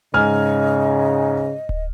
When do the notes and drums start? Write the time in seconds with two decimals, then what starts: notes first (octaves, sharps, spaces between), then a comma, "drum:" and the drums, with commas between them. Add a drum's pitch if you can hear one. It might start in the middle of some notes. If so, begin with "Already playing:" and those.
0.14 G#2 C#3 D#5 G#5 F6
1.69 drum: kick D1